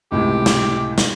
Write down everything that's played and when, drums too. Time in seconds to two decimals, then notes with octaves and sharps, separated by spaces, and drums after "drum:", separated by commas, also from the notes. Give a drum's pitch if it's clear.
0.12 C#2 A2 C3 G4
0.46 drum: snare
0.98 drum: snare